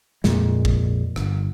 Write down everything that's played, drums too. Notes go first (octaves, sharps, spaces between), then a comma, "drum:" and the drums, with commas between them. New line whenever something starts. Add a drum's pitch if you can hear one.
F2 A#2 G#3, drum: snare
drum: kick
G1, drum: rim click